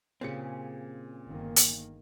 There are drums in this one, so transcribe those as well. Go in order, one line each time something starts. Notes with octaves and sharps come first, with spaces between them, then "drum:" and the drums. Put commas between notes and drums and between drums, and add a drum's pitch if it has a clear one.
A#2 C#3 C4 C#4 G4 G#4 C#7
G1 D#3 A#3
drum: hi-hat